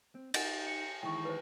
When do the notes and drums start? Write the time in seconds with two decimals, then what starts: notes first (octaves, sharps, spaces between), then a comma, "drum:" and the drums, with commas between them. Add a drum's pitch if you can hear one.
0.15 C4
0.34 D#4 D#5 F#5 G#5 A6, drum: cymbal
0.66 C#7
1.03 D#3 E3 G#3 E4 G5 C#6
1.25 B4 C5